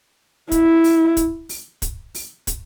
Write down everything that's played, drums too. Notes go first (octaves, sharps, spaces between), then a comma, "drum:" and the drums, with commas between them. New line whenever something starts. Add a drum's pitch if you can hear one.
E4, drum: kick, hi-hat
drum: open hi-hat
drum: kick, hi-hat
drum: open hi-hat
drum: kick, hi-hat
drum: open hi-hat
drum: kick, hi-hat